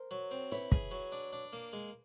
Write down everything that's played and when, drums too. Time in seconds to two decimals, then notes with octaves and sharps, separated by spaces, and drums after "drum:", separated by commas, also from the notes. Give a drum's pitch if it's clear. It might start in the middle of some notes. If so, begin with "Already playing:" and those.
Already playing: A#4 C5
0.11 F#3
0.31 C4
0.51 E4 B4 C#5
0.72 G#4, drum: kick
0.91 F#3
1.12 D4
1.33 D4
1.53 A#3
1.73 G#3